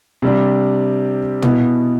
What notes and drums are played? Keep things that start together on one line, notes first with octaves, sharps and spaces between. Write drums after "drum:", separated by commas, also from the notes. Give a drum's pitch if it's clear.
C3 G3 D4
B2 B3 E4, drum: tom